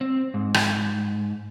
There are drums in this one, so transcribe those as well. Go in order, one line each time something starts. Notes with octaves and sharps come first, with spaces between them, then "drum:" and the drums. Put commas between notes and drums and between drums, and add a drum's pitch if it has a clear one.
C4
G#2
drum: rim click